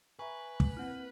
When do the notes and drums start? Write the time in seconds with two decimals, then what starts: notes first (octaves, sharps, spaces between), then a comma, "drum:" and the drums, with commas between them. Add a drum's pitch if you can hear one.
0.19 B4 E5 G#5 A#5 B5 C#6
0.60 drum: kick
0.77 A#3 C4 E4 F#5 F6